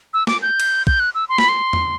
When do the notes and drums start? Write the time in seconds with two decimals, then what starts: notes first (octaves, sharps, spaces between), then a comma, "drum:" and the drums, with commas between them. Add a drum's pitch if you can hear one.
0.14 E6
0.27 D6, drum: snare
0.42 G6
0.60 drum: cymbal
0.87 G6, drum: kick
1.00 F#6
1.15 E6
1.29 C6
1.38 B5, drum: snare
1.49 C6
1.73 drum: tom